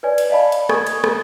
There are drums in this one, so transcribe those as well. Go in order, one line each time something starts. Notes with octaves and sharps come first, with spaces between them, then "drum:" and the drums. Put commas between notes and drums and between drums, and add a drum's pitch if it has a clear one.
B4 C#5 D5 G#5
drum: cymbal
D5 D#5 F5 A5 B5
drum: cymbal
G#5 C#6 D#6 G#6, drum: rim click
drum: cymbal
drum: rim click